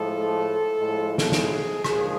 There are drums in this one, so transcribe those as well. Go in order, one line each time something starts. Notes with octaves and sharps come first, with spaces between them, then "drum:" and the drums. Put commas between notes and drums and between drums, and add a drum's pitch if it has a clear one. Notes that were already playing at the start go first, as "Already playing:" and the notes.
Already playing: A2 F3 G#3 A4
A2 F3 G#3
drum: snare
G#4, drum: snare
D#2 D3 F3 G#3 G#4, drum: rim click